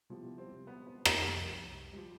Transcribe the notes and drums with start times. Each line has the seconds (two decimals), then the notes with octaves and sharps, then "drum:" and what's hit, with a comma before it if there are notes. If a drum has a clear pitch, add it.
0.10 C3 F3 G3 B3 E4 G4
0.38 C4
0.67 B3
0.87 B3
1.05 A3, drum: rim click
1.25 C2 C3 F3 G3
1.93 G3
1.97 F3